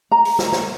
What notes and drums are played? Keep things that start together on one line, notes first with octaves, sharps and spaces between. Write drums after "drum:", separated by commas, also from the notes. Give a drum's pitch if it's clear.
A#5
drum: open hi-hat
drum: snare
drum: snare